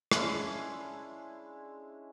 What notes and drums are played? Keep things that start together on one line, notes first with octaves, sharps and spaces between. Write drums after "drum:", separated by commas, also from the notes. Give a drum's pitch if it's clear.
G#3 C#4 D4 E4, drum: rim click